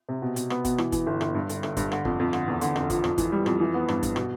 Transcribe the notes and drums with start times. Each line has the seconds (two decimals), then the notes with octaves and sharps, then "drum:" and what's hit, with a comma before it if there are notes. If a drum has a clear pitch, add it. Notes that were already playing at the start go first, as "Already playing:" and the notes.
0.09 C3
0.22 B2
0.36 B2, drum: hi-hat
0.50 B3, drum: rim click
0.65 B2, drum: kick G1, hi-hat
0.78 E3, drum: rim click
0.92 E3, drum: kick G1, hi-hat
1.06 G1
1.21 G1, drum: rim click
1.34 G2
1.49 G1, drum: hi-hat
1.63 G1, drum: rim click
1.77 G2, drum: kick G1, hi-hat
1.92 D3, drum: rim click
2.05 F2, drum: kick G1
2.19 F2
2.33 D3, drum: rim click
2.48 E2
2.61 D3, drum: hi-hat
2.76 F1, drum: rim click
2.90 F3, drum: kick G1, hi-hat
3.04 F2, drum: rim click
3.18 E3, drum: kick G1, hi-hat
3.32 G3
3.46 F2, drum: rim click
3.60 E3
3.74 B3
3.88 G2, drum: rim click
4.03 G2, drum: kick G1, hi-hat
4.16 B2, drum: rim click